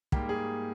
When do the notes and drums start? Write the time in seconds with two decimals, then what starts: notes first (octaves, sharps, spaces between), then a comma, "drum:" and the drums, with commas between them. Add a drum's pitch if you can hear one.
0.12 G#2 G3 A#3 G4, drum: kick
0.29 G#4